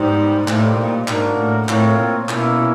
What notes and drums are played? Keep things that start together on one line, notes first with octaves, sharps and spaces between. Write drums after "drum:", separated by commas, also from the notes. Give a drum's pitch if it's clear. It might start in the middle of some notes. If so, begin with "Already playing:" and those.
Already playing: G#2 G3 B3 D#4 G4 C5
A2 G3 A#3 D#4 G4 C5, drum: clap
A#2
G#2 A#3 D4 F#4 A#4, drum: clap
A2
A2 C4 F4 A#4 C#5, drum: clap
A#2
B2 A#3 C#4 E4, drum: clap